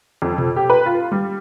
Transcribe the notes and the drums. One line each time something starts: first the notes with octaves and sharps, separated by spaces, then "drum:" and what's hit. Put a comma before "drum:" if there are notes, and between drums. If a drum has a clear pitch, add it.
F2
drum: tom B2
G4
B4
F4
G3